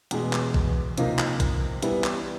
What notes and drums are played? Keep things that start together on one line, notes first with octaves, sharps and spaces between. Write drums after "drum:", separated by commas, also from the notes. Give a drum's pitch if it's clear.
E2 B2 G#3, drum: hi-hat
drum: clap
drum: kick A#1
C3 F3 A#3 D#4, drum: hi-hat
drum: clap
drum: kick A#1, hi-hat
E3 G3 B3 E4, drum: hi-hat
drum: clap